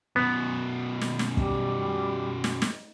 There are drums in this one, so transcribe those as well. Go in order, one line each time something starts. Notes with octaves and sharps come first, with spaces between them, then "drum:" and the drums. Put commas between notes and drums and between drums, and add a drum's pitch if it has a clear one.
F#2 B2 B3
drum: snare
drum: snare
G3, drum: kick
drum: snare
drum: snare